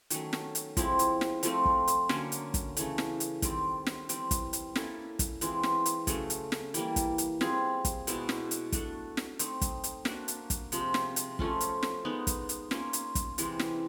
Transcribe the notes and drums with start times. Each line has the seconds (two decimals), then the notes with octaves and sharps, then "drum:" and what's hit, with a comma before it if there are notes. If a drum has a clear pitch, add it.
0.10 D#3 F#3 A3 C#4, drum: hi-hat
0.33 drum: snare
0.55 drum: hi-hat
0.77 F3 G#3 C4 E4, drum: kick, hi-hat
0.99 drum: hi-hat
1.21 drum: snare
1.43 F3 A3 C4 F4, drum: hi-hat
1.65 drum: kick
1.88 drum: hi-hat
2.09 D3 F#3 A#3 C#4, drum: snare
2.32 drum: hi-hat
2.54 drum: kick, hi-hat
2.77 C#3 E3 A3, drum: hi-hat
2.98 drum: snare
3.20 drum: hi-hat
3.42 D#3 G3 C4, drum: kick, hi-hat
3.87 drum: snare
4.09 E3 G3 C4, drum: hi-hat
4.31 drum: kick, hi-hat
4.53 drum: hi-hat
4.76 A#3 C#4 E4 A4, drum: snare
5.19 drum: kick, hi-hat
5.41 E3 G#3 C4 F4, drum: hi-hat
5.63 drum: snare
5.86 drum: hi-hat
6.07 C#3 F#3 A3, drum: kick, hi-hat
6.30 drum: hi-hat
6.52 drum: snare
6.74 E3 G3 A#3, drum: hi-hat
6.96 drum: kick, hi-hat
7.18 drum: hi-hat
7.41 G3 C4 F4 G#4, drum: snare
7.85 drum: kick, hi-hat
8.07 B2 G#3 B3 E4, drum: hi-hat
8.29 drum: snare
8.51 drum: hi-hat
8.72 A3 D4 F#4 A4, drum: kick, hi-hat
9.17 drum: snare
9.39 A3 C4 D#4, drum: hi-hat
9.61 drum: kick, hi-hat
9.84 drum: hi-hat
10.05 A#3 D4 F#4, drum: snare
10.28 drum: hi-hat
10.50 drum: kick, hi-hat
10.72 C3 F3 G#3, drum: hi-hat
10.94 drum: snare
11.16 drum: hi-hat
11.39 F3 A3 C#4 F4, drum: kick
11.60 drum: hi-hat
11.83 drum: snare
12.05 G#3 B3 D#4
12.27 drum: kick, hi-hat
12.49 drum: hi-hat
12.71 A#3 C#4 F4, drum: snare
12.93 drum: hi-hat
13.15 drum: kick, hi-hat
13.38 C3 E3 G#3, drum: hi-hat
13.60 drum: snare